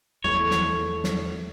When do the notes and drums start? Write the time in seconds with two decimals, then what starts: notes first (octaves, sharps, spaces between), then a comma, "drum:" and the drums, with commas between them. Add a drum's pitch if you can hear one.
0.24 E2 A3 C#5
0.51 drum: snare
1.04 drum: snare